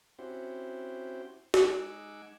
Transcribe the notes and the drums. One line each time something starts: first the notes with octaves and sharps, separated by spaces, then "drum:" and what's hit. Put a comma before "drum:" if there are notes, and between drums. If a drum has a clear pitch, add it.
C4 C#4 E4 F#4 G4 C5
G#3 D#4 F#5 G#5 D6 E6, drum: snare